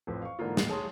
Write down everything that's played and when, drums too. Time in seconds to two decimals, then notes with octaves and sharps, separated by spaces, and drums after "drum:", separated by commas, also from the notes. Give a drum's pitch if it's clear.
0.07 A1 F2 B4
0.22 F5 C#6
0.39 G#2 D3 E3 A#3 F4
0.57 D1 A#2 C7, drum: snare
0.69 G#4 C#5 A5 C6 D#6